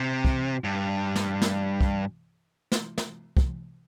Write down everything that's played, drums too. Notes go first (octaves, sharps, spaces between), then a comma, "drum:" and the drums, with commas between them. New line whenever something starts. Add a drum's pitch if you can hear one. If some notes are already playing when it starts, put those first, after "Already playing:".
Already playing: C3
drum: kick
G2
drum: snare
drum: snare
drum: kick
drum: snare
drum: snare
drum: kick